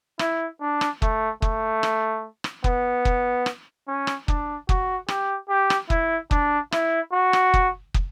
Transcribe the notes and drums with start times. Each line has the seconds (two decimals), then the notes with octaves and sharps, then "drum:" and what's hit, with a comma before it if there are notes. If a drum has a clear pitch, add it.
0.19 E4, drum: rim click
0.60 D4
0.81 drum: rim click
1.02 A3, drum: kick
1.42 A3, drum: kick
1.83 drum: rim click
2.44 drum: rim click
2.64 B3, drum: kick
3.05 drum: kick
3.46 drum: rim click
3.87 C#4
4.07 drum: rim click
4.28 D4, drum: kick
4.69 F#4, drum: kick
5.08 G4, drum: rim click
5.49 G4
5.70 drum: rim click
5.90 E4, drum: kick
6.31 D4, drum: kick
6.72 E4, drum: rim click
7.12 F#4
7.33 drum: rim click
7.54 drum: kick
7.94 drum: kick